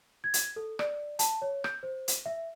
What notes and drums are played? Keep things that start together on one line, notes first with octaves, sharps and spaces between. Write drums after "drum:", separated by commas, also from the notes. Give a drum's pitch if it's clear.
G#6
drum: hi-hat
A4
D5, drum: rim click
A5, drum: hi-hat
C#5
G6, drum: rim click
C5
drum: hi-hat
E5